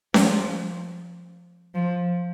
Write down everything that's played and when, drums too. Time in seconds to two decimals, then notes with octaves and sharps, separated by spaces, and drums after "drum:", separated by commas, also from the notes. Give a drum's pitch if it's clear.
0.14 F3, drum: snare C#4
1.75 F3